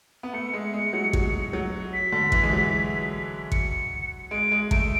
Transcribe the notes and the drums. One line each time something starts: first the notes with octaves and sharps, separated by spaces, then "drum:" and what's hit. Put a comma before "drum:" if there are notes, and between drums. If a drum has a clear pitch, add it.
B3
A3 C#7
G#3
G#3
F#3
F#3, drum: kick A1
F#3
B6
D3
E3, drum: kick A1
G#3
F#3
C#7, drum: kick A1
G#3 D7
G#3
A3 D7, drum: kick A1